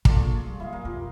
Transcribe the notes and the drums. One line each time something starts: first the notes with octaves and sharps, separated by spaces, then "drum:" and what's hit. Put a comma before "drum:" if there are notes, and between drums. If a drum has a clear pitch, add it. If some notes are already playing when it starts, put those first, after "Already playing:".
G#3 F4 A4 D5, drum: kick
A#3 D4 G#4 C#6
F#3 G3
F#3 A#3 E4 D#5 F5
G1 F#2 A#4 D#5 F5
F2 B2 F4 G4 A#4